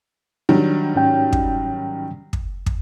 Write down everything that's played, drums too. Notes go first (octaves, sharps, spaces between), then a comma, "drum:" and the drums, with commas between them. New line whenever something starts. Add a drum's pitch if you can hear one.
D#3 F#3 G3 D4
G#2 C#4 G5
drum: kick
drum: kick
drum: kick